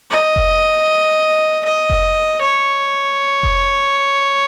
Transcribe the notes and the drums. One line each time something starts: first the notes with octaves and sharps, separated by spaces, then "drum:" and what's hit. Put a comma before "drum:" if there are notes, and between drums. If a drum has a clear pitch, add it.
D#5
drum: kick F1
D#5
drum: kick F1
C#5
drum: kick F1